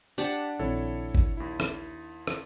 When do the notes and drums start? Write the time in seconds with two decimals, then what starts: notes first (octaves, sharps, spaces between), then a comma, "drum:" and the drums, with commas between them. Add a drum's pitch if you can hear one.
0.18 D4 G4 F#5 A5
0.59 A#1 D#3 C4 E4 A4 C#5
1.15 drum: kick G1
1.37 D#2 E4
1.60 drum: rim click
2.27 drum: rim click